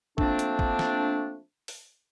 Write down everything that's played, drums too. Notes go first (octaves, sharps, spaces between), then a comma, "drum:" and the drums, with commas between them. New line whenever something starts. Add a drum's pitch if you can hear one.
F3 A3 A#3 C4 D4, drum: kick
drum: hi-hat
drum: kick
drum: snare
drum: open hi-hat